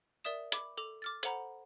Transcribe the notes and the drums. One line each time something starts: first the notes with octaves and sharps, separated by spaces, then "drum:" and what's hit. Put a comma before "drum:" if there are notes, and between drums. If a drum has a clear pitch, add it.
A#4 D5 E5 D#6 E7
B5 D6, drum: hi-hat
A4 D6 F7 F#7
D6 F6 A6
A4 C5 F#5 A#5 B5, drum: hi-hat